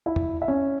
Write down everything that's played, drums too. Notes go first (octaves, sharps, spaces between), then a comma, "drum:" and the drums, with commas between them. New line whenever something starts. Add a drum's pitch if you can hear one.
E4 E5
drum: tom
E5
C#4 C#5